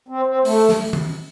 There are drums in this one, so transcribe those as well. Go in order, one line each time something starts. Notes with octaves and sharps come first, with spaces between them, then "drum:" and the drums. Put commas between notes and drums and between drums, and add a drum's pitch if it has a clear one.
C4
C4
A3, drum: open hi-hat
drum: snare
drum: tom D#3